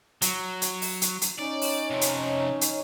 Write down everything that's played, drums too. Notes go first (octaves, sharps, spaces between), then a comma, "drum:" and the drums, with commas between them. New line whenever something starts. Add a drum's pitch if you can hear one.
F#3, drum: hi-hat
drum: hi-hat
drum: open hi-hat
drum: hi-hat
drum: hi-hat
C#4 D#4 D5
drum: open hi-hat
C3 F3
drum: hi-hat
drum: hi-hat